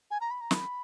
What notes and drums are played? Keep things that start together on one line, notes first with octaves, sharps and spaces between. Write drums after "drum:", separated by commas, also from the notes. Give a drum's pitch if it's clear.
G#5
A#5
B5
A#5
B5, drum: snare